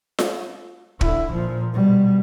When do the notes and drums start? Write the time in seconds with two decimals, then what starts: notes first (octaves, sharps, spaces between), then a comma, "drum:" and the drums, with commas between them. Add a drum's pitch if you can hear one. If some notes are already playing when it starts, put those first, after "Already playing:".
0.19 drum: snare F4
1.01 D3 E4, drum: kick
1.33 A#2 F3
1.74 B2 G3